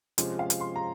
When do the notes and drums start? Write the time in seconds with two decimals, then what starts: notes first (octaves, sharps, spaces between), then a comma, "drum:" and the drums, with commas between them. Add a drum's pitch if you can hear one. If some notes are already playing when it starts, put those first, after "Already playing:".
0.18 C3 F3 G#3 C#4 F4, drum: hi-hat
0.39 F5
0.50 drum: hi-hat
0.60 C6
0.76 A#5